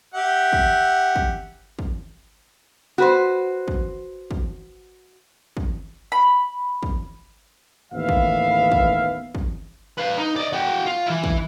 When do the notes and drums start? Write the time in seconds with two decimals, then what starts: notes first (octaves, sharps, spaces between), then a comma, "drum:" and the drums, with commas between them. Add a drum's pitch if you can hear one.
0.14 G4 E5 F#5
0.53 drum: kick
1.16 drum: kick
1.79 drum: kick
2.98 F#4 B4 C5
3.68 drum: kick
4.31 drum: kick
5.57 drum: kick
6.12 B5
6.83 drum: kick
7.93 A1 D#2 B3 E5 F5
8.09 drum: kick
8.72 drum: kick
9.35 drum: kick
9.98 B4 F5
10.17 D#4
10.36 D5 D#5
10.53 F#4 G5
10.86 F4
11.07 E3 E4
11.24 drum: kick